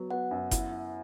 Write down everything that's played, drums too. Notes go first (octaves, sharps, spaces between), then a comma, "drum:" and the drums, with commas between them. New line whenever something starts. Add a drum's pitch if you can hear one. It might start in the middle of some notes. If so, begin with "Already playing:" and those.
Already playing: F#3 B3
B3 F#5
F#2
E4, drum: kick F#1, hi-hat
E4